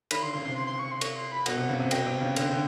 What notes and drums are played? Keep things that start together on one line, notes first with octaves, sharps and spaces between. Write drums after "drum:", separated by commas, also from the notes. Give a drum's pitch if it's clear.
D#3 B5, drum: cymbal
D3 C6
C#3 C6
C3 C6
C6
C6
C#6
C6
C#6, drum: cymbal
C6
B5
B2 F#5, drum: cymbal
C3
C#3
C3
B2 G5, drum: cymbal
C3
C#3
D3, drum: cymbal
D3